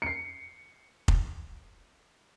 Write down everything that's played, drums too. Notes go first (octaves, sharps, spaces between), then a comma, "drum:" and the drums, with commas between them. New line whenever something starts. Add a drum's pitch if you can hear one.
C7 C#7
drum: kick F1